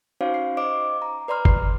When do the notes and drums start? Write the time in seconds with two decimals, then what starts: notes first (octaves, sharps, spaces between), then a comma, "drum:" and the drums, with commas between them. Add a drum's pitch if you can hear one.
0.21 C#4 D#4 F#4 C5 C#5 F5
0.34 C7
0.57 C5 D#5 D6 D7
1.02 A#5
1.28 B4 D5 A#5 C6 F6
1.45 C7, drum: kick G1